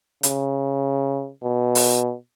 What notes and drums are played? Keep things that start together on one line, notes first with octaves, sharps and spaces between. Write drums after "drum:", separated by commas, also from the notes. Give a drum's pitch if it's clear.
C#3, drum: hi-hat
B2
drum: open hi-hat